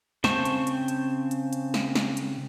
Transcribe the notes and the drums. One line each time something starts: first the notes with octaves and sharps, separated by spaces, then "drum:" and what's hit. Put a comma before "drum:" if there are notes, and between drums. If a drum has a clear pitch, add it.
C#3 C4 C5 A5 C#6, drum: snare
drum: hi-hat
drum: hi-hat
drum: hi-hat
drum: hi-hat
drum: hi-hat
drum: snare
drum: snare
drum: hi-hat